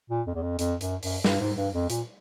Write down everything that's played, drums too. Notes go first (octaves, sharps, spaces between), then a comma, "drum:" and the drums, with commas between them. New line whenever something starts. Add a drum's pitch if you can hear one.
A#2
F2
E2
F2
F2, drum: hi-hat
F#2, drum: hi-hat
F#2, drum: open hi-hat
G2, drum: snare
G#2
G2
F2
A#2, drum: hi-hat